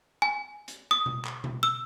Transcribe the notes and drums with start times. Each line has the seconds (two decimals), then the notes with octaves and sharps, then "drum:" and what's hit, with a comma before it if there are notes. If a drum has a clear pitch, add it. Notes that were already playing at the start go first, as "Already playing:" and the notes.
0.22 G#5
0.68 drum: hi-hat
0.91 D#6
1.06 drum: tom B2
1.25 drum: clap
1.44 drum: tom B2
1.63 E6